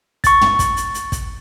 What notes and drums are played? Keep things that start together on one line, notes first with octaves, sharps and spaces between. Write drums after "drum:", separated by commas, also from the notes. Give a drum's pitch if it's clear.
C#6 A6, drum: kick, hi-hat
drum: tom
drum: kick, hi-hat
drum: hi-hat
drum: hi-hat
drum: kick, hi-hat